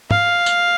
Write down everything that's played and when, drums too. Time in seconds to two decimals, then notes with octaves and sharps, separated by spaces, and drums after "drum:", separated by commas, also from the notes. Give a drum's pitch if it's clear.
0.11 F5, drum: tom
0.46 drum: tambourine